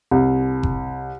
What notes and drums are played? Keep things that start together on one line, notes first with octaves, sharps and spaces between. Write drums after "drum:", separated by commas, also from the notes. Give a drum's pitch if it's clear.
C2
drum: kick F#1